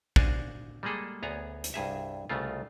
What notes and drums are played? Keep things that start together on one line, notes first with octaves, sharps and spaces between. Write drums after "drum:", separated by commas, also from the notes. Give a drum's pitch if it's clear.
D4 F#4 C5 D5 F5 G#5, drum: kick
G3 G#3 A#3 G#4 A4
D2 B3 G#4 C#5 A#5
drum: hi-hat
C2 G2 G#4 E5
C2 C#3 A3 F4